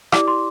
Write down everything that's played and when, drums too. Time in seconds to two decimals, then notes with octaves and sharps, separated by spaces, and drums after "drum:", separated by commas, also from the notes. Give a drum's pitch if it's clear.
0.12 E4 G4 D5 D6, drum: rim click
0.28 C6